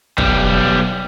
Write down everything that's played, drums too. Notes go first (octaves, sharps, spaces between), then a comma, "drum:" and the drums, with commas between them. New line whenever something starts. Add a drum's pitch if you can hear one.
B1 G3, drum: kick